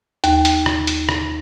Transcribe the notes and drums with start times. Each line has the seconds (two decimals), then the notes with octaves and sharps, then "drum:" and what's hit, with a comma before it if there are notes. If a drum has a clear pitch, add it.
0.24 D#2, drum: hi-hat
0.45 drum: hi-hat
0.66 drum: rim click
0.87 drum: hi-hat
1.09 drum: rim click